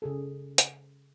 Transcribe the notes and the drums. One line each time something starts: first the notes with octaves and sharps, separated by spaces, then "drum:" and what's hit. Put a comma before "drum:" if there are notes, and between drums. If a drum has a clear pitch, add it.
C#3 G#4 A4
drum: hi-hat